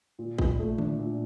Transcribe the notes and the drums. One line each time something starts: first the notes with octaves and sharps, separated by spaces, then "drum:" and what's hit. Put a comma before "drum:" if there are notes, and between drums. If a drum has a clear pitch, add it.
A#2
A#2, drum: kick
A3
D4, drum: tom D3
A#2